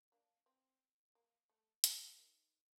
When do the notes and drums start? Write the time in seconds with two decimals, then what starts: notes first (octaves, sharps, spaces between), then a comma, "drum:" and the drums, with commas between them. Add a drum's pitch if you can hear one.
0.12 A#3 D4
0.46 C4
1.15 A#3
1.49 A3
1.84 G3, drum: hi-hat
2.18 D#3